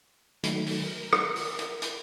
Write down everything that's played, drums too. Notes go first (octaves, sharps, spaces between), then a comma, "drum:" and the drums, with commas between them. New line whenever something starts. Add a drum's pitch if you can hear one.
D#3 F#3 A3, drum: hi-hat
drum: open hi-hat
A#4
drum: rim click
drum: open hi-hat
drum: hi-hat
drum: hi-hat